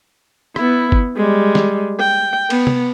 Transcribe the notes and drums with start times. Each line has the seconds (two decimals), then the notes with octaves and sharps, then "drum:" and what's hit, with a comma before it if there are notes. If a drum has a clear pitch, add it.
0.56 B3 E4, drum: rim click
0.92 drum: kick G1
1.16 G3 G#3
1.55 drum: snare
1.99 G5
2.50 B3, drum: cymbal
2.67 drum: tom C3